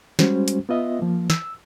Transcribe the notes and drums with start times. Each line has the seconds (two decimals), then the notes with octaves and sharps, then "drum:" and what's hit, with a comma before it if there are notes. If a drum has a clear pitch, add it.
0.19 G3 G#3 C#4 F#4 C5, drum: snare
0.48 drum: hi-hat
0.69 B3 F4 D#5 E5
0.99 F3 A#3
1.30 E6, drum: snare